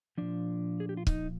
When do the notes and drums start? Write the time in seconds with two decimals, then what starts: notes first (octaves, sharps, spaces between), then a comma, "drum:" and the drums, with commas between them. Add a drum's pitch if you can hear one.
0.18 A#2 F3 D4
0.80 G#4
0.89 G4
0.97 F4
1.07 D#4, drum: kick